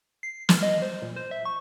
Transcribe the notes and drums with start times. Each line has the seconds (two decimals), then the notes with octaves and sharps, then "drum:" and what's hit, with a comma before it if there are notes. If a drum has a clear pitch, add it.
0.23 C7
0.49 F6, drum: snare
0.63 D#5
0.82 C5
1.02 A#2
1.16 C5
1.31 E5
1.45 C#6